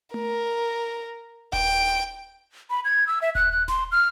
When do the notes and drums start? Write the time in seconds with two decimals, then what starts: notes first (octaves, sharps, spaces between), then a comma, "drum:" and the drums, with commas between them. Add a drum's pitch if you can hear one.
0.14 A#4, drum: tom A3
1.53 G5, drum: kick D#1
2.70 B5
2.85 G#6
3.07 E6
3.22 E5
3.35 F#6, drum: kick D#1
3.52 F#6
3.68 C6, drum: snare D#1
3.92 F6